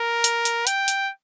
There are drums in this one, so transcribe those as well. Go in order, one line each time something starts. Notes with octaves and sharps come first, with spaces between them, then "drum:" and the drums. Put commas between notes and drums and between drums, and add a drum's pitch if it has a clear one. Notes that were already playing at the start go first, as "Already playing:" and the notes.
Already playing: A#4
drum: hi-hat
drum: hi-hat
G5, drum: hi-hat
drum: hi-hat